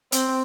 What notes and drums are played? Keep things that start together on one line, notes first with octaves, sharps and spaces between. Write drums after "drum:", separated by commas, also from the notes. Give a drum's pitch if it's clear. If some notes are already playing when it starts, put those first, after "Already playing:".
C4, drum: hi-hat